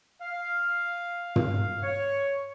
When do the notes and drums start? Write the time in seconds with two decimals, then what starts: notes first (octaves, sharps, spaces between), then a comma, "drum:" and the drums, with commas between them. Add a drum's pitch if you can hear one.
0.22 F5
1.36 drum: tom
1.83 C#5